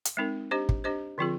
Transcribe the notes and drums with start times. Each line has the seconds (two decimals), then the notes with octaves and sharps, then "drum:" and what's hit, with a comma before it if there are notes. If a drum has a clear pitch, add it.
0.05 drum: hi-hat
0.17 G#3 C4 D#4 A#4
0.51 D4 G4 C5 D#5
0.69 drum: kick
0.84 D4 G4 C5 D#5
1.18 D3 F3 C4 F4 G#4